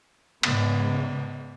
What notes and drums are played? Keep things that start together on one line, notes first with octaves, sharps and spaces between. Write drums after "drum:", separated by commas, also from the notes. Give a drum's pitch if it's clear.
G#2 C#3 B3, drum: cymbal